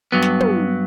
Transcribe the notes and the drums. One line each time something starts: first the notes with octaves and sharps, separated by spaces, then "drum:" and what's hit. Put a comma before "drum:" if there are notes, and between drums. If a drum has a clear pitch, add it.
G2 F#3 B3
drum: snare
drum: tom